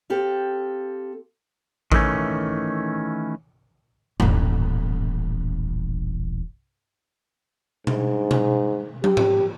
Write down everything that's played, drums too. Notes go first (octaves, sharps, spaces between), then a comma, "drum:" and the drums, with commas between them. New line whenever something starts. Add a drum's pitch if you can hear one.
C4 G4 A4 F5
D#3 E3 A3 C#4, drum: kick A1
D#1 A1, drum: tom G2
G#2, drum: tom B2
drum: tom B2
G4, drum: tom
drum: tom G#2